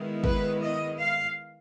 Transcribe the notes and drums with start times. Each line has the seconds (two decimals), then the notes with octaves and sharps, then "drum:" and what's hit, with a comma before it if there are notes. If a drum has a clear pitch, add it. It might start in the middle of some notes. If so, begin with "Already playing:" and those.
Already playing: D#3 G#3 B3 E4
0.24 B4, drum: kick
0.61 D#5
0.99 F5